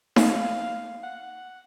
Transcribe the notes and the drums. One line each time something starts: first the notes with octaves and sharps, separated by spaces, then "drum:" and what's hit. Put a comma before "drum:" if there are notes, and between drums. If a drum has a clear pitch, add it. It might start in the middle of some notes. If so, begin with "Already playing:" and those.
F5, drum: snare D#4
F#5